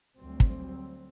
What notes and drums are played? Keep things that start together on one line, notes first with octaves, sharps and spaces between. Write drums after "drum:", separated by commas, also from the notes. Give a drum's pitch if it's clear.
D2 F#3 G3 C4
drum: kick